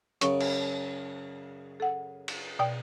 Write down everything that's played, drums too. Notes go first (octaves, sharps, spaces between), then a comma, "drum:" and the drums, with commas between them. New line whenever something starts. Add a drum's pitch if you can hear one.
F#2 C#3 C#6, drum: hi-hat
drum: cymbal
A4 F#5
drum: cymbal
B2 D5 G5